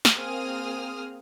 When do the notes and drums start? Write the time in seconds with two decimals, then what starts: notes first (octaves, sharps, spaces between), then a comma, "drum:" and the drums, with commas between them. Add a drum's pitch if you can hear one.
0.05 drum: snare
0.15 A#3 C4 G#4 D#6 F6